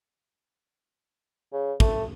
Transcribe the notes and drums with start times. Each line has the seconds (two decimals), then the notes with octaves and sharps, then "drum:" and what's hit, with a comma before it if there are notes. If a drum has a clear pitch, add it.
1.53 C#3
1.80 A3, drum: kick